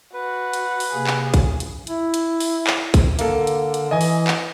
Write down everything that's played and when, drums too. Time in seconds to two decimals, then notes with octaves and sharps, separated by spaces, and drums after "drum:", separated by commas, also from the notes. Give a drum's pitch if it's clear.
0.14 F#4 B4
0.53 drum: hi-hat
0.80 drum: open hi-hat
0.94 C3 A#3 G#4
1.07 drum: clap
1.34 drum: kick, hi-hat
1.60 drum: hi-hat
1.87 E4, drum: hi-hat
2.14 drum: hi-hat
2.40 drum: open hi-hat
2.67 drum: clap
2.94 drum: kick, hi-hat
3.19 D3 A#3 A4, drum: hi-hat
3.47 drum: hi-hat
3.74 drum: hi-hat
3.91 E3 D#5 G#5
4.01 drum: open hi-hat
4.27 drum: clap